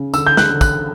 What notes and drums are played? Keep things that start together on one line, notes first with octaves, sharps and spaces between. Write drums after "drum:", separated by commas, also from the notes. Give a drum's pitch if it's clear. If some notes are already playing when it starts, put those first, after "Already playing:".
Already playing: C#3
D3 E6, drum: tambourine
G6
F#6, drum: snare
D3
F#6, drum: kick, tambourine